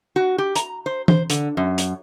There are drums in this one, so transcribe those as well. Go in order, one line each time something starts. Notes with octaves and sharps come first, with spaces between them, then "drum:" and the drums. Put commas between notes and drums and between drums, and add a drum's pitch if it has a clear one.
F#4
G4
A#5, drum: hi-hat
C5
C5, drum: tom E3
D3, drum: hi-hat
F#2
drum: hi-hat